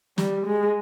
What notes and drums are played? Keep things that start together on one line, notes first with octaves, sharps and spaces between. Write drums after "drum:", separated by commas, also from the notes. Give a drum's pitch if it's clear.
G3, drum: snare
G#3